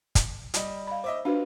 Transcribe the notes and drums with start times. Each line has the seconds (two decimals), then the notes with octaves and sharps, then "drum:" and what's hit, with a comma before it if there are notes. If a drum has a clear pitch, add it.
0.15 drum: kick, hi-hat
0.54 G3 D#5, drum: hi-hat
0.87 F5 B5
1.04 C5 D#5 E5 D6
1.25 D4 F4 F#4 B4